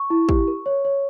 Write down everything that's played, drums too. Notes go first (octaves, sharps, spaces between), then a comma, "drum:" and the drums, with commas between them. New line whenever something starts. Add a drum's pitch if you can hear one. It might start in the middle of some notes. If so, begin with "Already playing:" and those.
Already playing: C#6
E4
G4, drum: kick
A#4
C#5
C#5